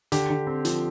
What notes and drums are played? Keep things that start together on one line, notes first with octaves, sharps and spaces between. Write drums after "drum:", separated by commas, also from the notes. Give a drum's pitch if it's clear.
D3 G4, drum: hi-hat
D3
C4
F3, drum: hi-hat